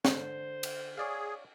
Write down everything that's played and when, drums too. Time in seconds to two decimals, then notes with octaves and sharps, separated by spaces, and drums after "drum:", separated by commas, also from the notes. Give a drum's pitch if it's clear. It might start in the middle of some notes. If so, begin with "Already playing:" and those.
0.05 D3 C5, drum: snare
0.63 drum: cymbal
0.97 G#4 C#5 D5 F5